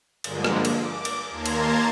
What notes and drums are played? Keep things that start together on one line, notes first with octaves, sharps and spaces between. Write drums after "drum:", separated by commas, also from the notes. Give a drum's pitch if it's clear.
G2 D3 F3 G#3 A#3, drum: cymbal
drum: rim click
drum: cymbal
D6
drum: cymbal
D#2 A#3 A5 A#5 C6 G#6
drum: cymbal